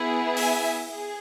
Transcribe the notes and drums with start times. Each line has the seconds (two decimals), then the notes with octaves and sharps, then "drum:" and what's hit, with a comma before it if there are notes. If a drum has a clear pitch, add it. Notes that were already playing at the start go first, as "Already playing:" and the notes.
Already playing: B3 E4 G#4
0.37 E5 G#5, drum: open hi-hat
0.89 G#4